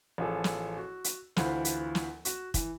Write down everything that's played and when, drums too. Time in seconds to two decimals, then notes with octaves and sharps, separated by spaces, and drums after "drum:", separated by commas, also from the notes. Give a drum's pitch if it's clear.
0.18 A1 F3 G#4 A4
0.44 drum: snare
0.77 F#4
1.04 drum: hi-hat
1.37 D2 E3 F4 C5 B5, drum: snare
1.65 drum: hi-hat
1.95 drum: snare
2.25 F#4, drum: hi-hat
2.54 E3, drum: kick, hi-hat